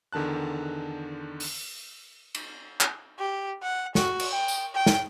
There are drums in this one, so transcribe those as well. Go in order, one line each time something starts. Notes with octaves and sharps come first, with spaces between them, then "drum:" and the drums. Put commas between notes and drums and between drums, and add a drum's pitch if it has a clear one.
E2 D3 D#3 A5 F#6
drum: open hi-hat
drum: cymbal
drum: clap
G4
F#5
F#4, drum: snare
drum: cymbal
G5
drum: tambourine
G5
drum: snare